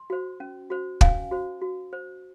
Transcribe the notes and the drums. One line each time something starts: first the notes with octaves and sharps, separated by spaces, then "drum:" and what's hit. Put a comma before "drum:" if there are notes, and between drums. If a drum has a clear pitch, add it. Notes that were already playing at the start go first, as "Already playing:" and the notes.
Already playing: C6
F#4 C5
C#4
F#4 C5
C#4 F5 G#5, drum: kick
F#4 C5
F#4
C5